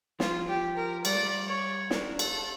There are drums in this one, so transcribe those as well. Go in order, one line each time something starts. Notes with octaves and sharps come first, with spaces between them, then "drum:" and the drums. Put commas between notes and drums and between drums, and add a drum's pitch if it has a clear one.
F3 F4, drum: snare
G4
A#4
G3 D5, drum: cymbal
A3
G3
C#5
D4 A#4, drum: snare
A4, drum: cymbal